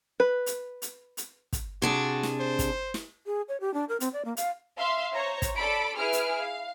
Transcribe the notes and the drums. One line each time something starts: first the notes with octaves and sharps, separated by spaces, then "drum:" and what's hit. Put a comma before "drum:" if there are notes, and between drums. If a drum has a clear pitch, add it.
B4
drum: hi-hat
drum: hi-hat
drum: hi-hat
drum: kick, hi-hat
C3 D4 F#4 G#4
drum: snare
C5
drum: kick, hi-hat
drum: snare
G#4
C#5
G4
D4
A#4
C4, drum: hi-hat
D5
A#3
F5, drum: hi-hat
E5 F5 C6
C5 C#5 A#5
drum: kick, hi-hat
A4 D5 B5 D7
E4 G#4 B4 F6 D7
drum: hi-hat
F5